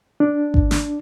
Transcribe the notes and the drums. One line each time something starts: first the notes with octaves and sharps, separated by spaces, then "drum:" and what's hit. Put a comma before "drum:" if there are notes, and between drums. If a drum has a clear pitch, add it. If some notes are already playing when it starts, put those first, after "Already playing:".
D4
drum: kick G#1
drum: snare